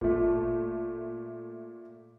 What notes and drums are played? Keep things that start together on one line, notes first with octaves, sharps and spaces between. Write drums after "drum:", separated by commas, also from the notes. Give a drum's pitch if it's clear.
A#2 A3, drum: kick G1